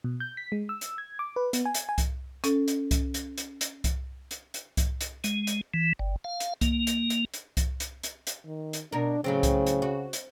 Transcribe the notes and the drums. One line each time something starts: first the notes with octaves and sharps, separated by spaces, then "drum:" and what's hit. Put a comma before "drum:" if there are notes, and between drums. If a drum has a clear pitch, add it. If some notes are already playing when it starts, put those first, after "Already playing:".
B2
G6
B6
G#3
E6
drum: hi-hat
G#6
D6
B4
B3, drum: hi-hat
G#5
drum: hi-hat
G#5
drum: kick C2, hi-hat
C#4 A4, drum: hi-hat
drum: hi-hat
drum: kick C2, hi-hat
drum: hi-hat
drum: hi-hat
drum: hi-hat
drum: kick C2, hi-hat
drum: hi-hat
drum: hi-hat
drum: kick C2, hi-hat
drum: hi-hat
G#3, drum: hi-hat
drum: hi-hat
E3
G1
F5
drum: hi-hat
A#3, drum: kick C2, hi-hat
drum: hi-hat
drum: hi-hat
drum: hi-hat
drum: kick C2, hi-hat
drum: hi-hat
drum: hi-hat
drum: hi-hat
D#3
drum: hi-hat
B2 D4 A#4
A2 C#3 F#3 C4
drum: kick C2, hi-hat
drum: hi-hat
F#4
drum: hi-hat